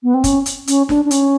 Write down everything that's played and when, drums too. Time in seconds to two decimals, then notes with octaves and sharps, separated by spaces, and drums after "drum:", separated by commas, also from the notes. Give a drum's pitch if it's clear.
0.03 B3
0.14 C4
0.24 C#4, drum: kick, hi-hat
0.46 drum: hi-hat
0.67 C#4, drum: hi-hat
0.89 D4, drum: snare
1.05 D4
1.11 C#4, drum: hi-hat